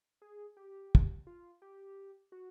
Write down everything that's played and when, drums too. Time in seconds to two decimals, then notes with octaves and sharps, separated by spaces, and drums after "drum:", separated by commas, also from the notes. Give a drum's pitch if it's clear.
0.22 G#4
0.57 G4
0.95 drum: kick
1.27 F4
1.62 G4
2.32 F#4